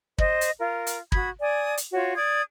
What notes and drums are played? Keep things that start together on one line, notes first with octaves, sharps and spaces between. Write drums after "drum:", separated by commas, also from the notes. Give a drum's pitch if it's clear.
C5 D#5, drum: kick
drum: hi-hat
F4 A#4
drum: hi-hat
F#4 B5 D#6 G#6, drum: kick
D5 G#5 D#6
drum: hi-hat
F4 F#4 C#5
D5 D#6 G#6